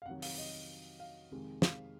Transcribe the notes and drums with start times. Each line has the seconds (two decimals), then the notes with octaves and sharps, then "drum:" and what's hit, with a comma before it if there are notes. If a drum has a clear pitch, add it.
0.02 F5
0.06 F2 C3 D#3 F#3 F#5
0.22 F5, drum: open hi-hat
0.38 D#5
1.00 F5
1.31 F2 C3 D#3 G#3
1.62 F5, drum: snare